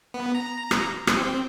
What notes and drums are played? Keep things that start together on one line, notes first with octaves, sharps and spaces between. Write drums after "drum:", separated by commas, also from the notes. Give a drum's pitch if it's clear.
B3
A#5
drum: rim click
drum: rim click
C4